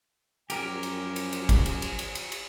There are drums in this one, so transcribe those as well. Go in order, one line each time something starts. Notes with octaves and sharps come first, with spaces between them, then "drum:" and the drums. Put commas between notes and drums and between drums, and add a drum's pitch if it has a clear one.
F#2 F3 G4 A#4 G#5, drum: cymbal
drum: cymbal
drum: cymbal
drum: cymbal
drum: kick, cymbal
drum: cymbal
drum: cymbal
drum: cymbal
drum: cymbal
drum: cymbal